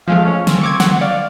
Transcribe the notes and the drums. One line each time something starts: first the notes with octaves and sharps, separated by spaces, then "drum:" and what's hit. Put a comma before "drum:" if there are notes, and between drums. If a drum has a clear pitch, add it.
F3 G#3 A3 F5
C#4
C4, drum: snare
C#6 D6 G#6
F#5, drum: snare
D5 F5